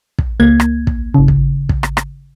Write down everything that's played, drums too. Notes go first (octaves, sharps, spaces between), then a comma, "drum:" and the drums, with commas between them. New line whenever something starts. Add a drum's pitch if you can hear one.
drum: kick
C#2 A#3 G#6
drum: rim click
drum: kick
G#1 C#3
drum: kick
drum: kick
drum: rim click
drum: rim click